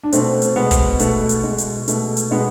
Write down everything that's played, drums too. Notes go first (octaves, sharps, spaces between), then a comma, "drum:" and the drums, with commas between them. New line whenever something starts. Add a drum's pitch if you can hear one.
D4
B2 A3 C4, drum: hi-hat
drum: hi-hat
B2 G#3 B3
drum: kick, hi-hat
B2 A3, drum: hi-hat
drum: hi-hat
B2 G#3
drum: hi-hat
B2 A3, drum: hi-hat
drum: hi-hat
B2 G#3 B3